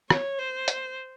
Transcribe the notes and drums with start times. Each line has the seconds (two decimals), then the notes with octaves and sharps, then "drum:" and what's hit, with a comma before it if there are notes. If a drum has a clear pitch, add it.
0.10 C#5, drum: rim click
0.39 C5
0.68 drum: hi-hat